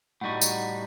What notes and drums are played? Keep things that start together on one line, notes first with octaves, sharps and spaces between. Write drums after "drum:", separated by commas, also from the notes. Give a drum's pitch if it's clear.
A2 G3 D#4 F#4 F#5
drum: tambourine